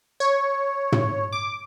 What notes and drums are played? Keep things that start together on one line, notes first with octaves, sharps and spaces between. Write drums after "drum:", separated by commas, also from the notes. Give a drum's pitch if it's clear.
C#5
drum: tom
D6